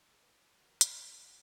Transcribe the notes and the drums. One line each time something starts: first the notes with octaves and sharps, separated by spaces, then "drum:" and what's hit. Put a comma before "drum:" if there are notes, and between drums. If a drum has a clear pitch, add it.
G#4
B4
C#4
F#4
A#4
G5, drum: hi-hat
C#6
D4
F#5